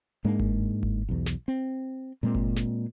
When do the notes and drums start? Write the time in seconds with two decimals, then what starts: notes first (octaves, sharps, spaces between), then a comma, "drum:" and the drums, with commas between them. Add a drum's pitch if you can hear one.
0.25 G#2 G#3 A#3 D4
0.40 drum: kick G1
0.83 drum: kick G1
1.09 B1 E2
1.26 drum: snare
1.48 C4
2.23 A#2 G#3 A#3 C4
2.35 drum: kick G1
2.56 drum: snare